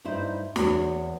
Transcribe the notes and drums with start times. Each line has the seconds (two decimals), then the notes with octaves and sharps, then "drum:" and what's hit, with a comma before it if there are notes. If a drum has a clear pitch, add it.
0.04 G2 D#4 E4 C5
0.56 E2 F#4 C#5, drum: snare